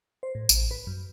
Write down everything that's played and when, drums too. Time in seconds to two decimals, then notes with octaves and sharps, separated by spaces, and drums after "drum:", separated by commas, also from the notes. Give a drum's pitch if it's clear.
0.23 C5
0.35 A2
0.49 A1, drum: tambourine
0.71 B4
0.87 F#2